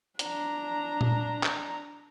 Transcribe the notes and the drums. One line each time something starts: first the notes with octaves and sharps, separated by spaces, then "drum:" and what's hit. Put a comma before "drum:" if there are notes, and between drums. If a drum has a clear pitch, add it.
D4 A#5, drum: hi-hat
drum: tom A#2
drum: clap